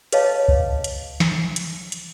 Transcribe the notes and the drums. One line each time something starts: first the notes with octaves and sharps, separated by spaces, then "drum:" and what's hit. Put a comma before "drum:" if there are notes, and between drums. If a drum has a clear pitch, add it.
G#4 B4 C#5 D#5 F5 A5, drum: hi-hat
drum: kick
drum: hi-hat
drum: snare
drum: hi-hat
drum: hi-hat